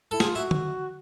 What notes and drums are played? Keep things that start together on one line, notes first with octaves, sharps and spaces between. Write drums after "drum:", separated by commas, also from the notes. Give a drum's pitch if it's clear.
E4 A4
F4 G#4, drum: snare
E4 F#4
drum: tom D3